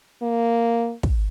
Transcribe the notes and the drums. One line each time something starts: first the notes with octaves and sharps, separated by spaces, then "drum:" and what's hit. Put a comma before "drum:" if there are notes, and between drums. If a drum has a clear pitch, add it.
A#3
drum: kick